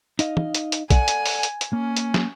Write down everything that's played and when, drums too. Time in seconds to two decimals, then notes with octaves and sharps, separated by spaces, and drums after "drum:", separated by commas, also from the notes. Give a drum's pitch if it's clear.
0.19 D#4 D#5 F5, drum: hi-hat
0.37 drum: tom
0.55 drum: hi-hat
0.72 drum: hi-hat
0.90 A4 D5 F#5 G#5, drum: kick A#1, hi-hat
1.08 drum: hi-hat
1.26 drum: open hi-hat
1.43 drum: hi-hat
1.61 drum: hi-hat
1.73 A#3 C#4
1.97 drum: hi-hat
2.14 drum: snare